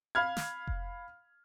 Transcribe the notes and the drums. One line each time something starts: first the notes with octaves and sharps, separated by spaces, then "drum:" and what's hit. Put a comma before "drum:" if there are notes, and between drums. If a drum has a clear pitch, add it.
F5 B5 F6 G#6
drum: snare
drum: kick F1